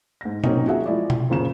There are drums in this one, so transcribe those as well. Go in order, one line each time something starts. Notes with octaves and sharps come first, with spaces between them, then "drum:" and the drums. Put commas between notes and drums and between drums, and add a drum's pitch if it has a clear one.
G#2 A#6
F#3 A#3 C4 C#4 D#4, drum: tom B2
F4 F#4 G#4 E5 F#5
F3 G#3 E4 D5
drum: tom B2
F#1 A#2 C#3 A#5 E7